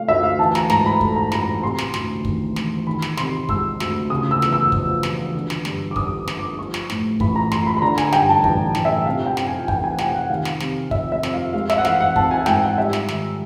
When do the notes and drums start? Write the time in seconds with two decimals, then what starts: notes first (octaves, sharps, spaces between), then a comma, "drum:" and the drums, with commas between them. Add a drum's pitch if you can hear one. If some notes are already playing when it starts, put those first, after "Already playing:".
Already playing: C3 F3 A3 F5
0.08 D2 E5
0.23 F5
0.39 E3 A5
0.55 A#5, drum: snare
0.70 G#2 A#5, drum: snare
0.86 B5
1.01 A3, drum: kick
1.16 A#5
1.32 A1 A#5, drum: snare
1.63 C3 C6
1.78 drum: snare
1.94 D2, drum: snare
2.25 D#3, drum: kick
2.56 E1, drum: snare
2.87 D#3 B5
3.02 drum: snare
3.17 C3 C6, drum: snare
3.49 G#3 E6, drum: kick
3.80 D2, drum: snare
4.10 C#3 D#6
4.31 E6
4.42 E2, drum: snare
4.53 E6
4.72 F3, drum: kick
5.03 E1, drum: snare
5.35 D3
5.50 drum: snare
5.65 G2, drum: snare
5.91 D6
5.96 G3 D#6, drum: kick
6.28 G1, drum: snare
6.37 D6
6.59 F3 C#6
6.74 drum: snare
6.90 A2, drum: snare
7.20 A1 B5, drum: kick
7.36 A#5
7.52 A1 C6, drum: snare
7.67 B5
7.77 B5
7.82 D3 A#5
7.98 G#5, drum: snare
8.12 G2 G5, drum: snare
8.29 A5
8.44 A1 A5, drum: kick
8.75 A1, drum: snare
8.85 E5
9.06 C3 F5
9.26 G5
9.37 F2, drum: snare
9.47 G#5
9.68 E3 G5, drum: kick
9.84 G#5
9.93 F#5
9.98 F1 G5, drum: snare
10.15 F#5
10.30 D#3 F5
10.45 drum: snare
10.60 C3, drum: snare
10.91 F2 E5, drum: kick
11.12 E5
11.23 F2, drum: snare
11.34 F5
11.53 G#3 F5
11.70 E5, drum: snare
11.78 F#5
11.85 E3 F5, drum: snare
12.00 F#5
12.16 C4 A5, drum: kick
12.31 G#5
12.46 G#2 G5, drum: snare
12.62 F#5
12.78 G3 E5
12.93 drum: snare
13.08 D#3, drum: snare